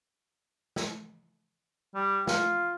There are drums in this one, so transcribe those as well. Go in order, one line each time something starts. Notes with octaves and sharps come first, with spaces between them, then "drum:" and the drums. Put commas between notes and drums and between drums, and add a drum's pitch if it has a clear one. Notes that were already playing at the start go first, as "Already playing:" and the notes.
drum: snare
G3
F4, drum: snare